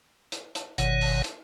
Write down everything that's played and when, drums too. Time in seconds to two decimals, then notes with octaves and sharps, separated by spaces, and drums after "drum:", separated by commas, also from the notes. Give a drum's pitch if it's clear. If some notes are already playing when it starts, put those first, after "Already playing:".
0.32 drum: hi-hat
0.55 drum: hi-hat
0.78 G1 B2 D#3 C#5 F#5, drum: hi-hat
1.01 drum: open hi-hat
1.24 drum: hi-hat